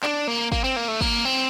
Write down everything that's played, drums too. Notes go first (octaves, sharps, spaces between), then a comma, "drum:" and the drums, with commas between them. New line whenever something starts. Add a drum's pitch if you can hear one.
D4, drum: clap
A#3
A#3, drum: kick
C4
A#3
A3
A#3, drum: kick
C4